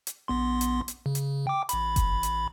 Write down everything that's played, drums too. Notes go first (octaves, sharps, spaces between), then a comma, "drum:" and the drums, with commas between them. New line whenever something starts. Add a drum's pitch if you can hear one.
drum: hi-hat
A#1 B3 C6
drum: hi-hat
drum: hi-hat
C#3
drum: hi-hat
G5 D6
A1 B5, drum: hi-hat
drum: kick F#1, hi-hat
drum: hi-hat